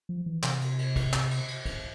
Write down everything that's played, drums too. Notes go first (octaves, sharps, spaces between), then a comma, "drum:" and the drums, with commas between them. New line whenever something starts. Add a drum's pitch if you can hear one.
F3
E3
C3, drum: clap
drum: cymbal
drum: cymbal
drum: kick, cymbal
drum: clap
drum: cymbal
drum: cymbal
drum: kick, cymbal